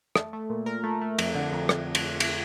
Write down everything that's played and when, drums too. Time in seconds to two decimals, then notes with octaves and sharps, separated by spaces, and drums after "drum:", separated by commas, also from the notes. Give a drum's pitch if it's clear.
0.16 A3, drum: rim click
0.33 A3
0.50 A#2
0.66 A#2 A#4
0.83 A3
1.01 A3
1.19 F2, drum: cymbal
1.35 D3
1.52 F2
1.69 drum: rim click
1.95 drum: cymbal
2.20 drum: cymbal